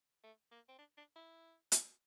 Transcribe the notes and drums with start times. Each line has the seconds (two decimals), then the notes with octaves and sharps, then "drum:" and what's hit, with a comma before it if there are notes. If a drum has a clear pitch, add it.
0.23 A3
0.51 A#3
0.69 C4
0.78 D4
0.97 D4
1.16 E4
1.72 drum: hi-hat